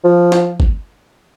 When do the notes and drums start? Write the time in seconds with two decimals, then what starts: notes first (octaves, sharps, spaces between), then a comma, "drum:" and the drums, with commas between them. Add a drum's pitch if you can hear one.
0.04 F3
0.32 drum: snare
0.60 drum: kick G1